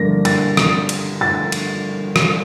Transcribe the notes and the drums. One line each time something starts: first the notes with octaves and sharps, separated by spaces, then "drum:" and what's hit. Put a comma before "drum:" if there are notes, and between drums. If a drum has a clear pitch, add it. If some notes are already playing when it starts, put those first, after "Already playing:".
Already playing: G2 D3 F3 A#3 A#6
A6, drum: cymbal
drum: rim click
drum: cymbal
A6
drum: cymbal
drum: rim click